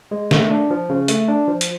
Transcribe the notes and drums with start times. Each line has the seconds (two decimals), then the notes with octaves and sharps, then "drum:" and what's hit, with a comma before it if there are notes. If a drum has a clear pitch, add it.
0.11 G#3
0.31 A3, drum: snare
0.50 D4
0.70 F3
0.89 C#3
1.08 A3, drum: hi-hat
1.28 D4
1.48 F3
1.61 drum: hi-hat